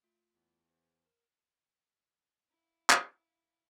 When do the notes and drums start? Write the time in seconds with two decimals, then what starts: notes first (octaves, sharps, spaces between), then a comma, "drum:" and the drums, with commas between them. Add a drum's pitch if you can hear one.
0.03 A3 F4
0.34 E2
0.69 C5
1.06 A#4
2.50 E4 F5
2.90 drum: clap